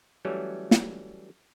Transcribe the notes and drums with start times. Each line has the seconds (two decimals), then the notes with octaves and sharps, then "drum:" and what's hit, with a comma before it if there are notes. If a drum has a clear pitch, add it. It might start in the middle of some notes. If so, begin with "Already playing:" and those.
0.25 E3 F#3 G3 A3 C#4
0.71 drum: snare